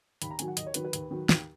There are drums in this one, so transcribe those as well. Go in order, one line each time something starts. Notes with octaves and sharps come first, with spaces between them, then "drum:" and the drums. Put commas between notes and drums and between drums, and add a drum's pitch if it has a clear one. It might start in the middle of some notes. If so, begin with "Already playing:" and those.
D#2 B5, drum: hi-hat
A#5
D#3 F#3 G#5, drum: hi-hat
F#5
D#2 D#5, drum: hi-hat
C#5
D#3 F#3 B4, drum: hi-hat
B4
D#2, drum: hi-hat
D#3 F#3
D#2, drum: snare